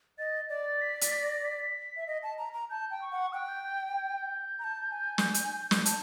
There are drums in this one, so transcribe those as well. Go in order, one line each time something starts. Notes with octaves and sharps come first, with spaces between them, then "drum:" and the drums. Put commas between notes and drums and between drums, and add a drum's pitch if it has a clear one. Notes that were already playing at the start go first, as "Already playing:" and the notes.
D#5 A6
D5 A6
B6
B6, drum: hi-hat
A#6
B6
E5
D#5
A5
A#5
A#5
A5 G6
G5
C#6
F#5
G5 F#6
G6
G6
G6
A#5
A5
G#5
drum: snare
drum: hi-hat
drum: snare
A5, drum: hi-hat